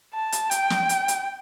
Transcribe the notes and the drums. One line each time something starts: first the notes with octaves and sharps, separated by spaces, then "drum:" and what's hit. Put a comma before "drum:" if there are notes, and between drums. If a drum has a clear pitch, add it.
A5
drum: hi-hat
G5, drum: hi-hat
drum: snare
drum: hi-hat
drum: hi-hat